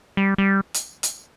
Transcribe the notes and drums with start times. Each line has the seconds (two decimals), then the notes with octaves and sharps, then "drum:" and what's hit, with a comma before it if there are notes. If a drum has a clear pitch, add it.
0.17 G3
0.38 G3
0.74 drum: hi-hat
1.03 drum: hi-hat